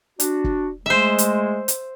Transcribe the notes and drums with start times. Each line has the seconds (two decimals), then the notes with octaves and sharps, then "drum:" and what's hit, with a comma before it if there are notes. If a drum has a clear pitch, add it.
0.20 D4 F#4, drum: hi-hat
0.44 drum: kick
0.86 G#3 A3 C5 E5
1.19 drum: hi-hat
1.68 drum: hi-hat